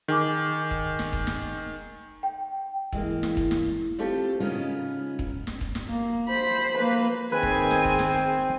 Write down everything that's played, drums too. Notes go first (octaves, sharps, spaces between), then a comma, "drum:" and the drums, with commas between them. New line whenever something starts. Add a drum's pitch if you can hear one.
D#3 G#4 G#5 D6
drum: kick
drum: snare
drum: kick
drum: snare
G5
E3 G#3 A#3, drum: kick
drum: snare
drum: kick
drum: snare
A3 C4 F4 G4 A4
C#3 G#3 B3 C#4 D#4 F4
drum: kick
drum: snare
drum: kick
drum: snare
A#3
C5 B5
A#3 B4
D#3 C4 G#4 B4 G#5
drum: kick
drum: snare
drum: kick
drum: snare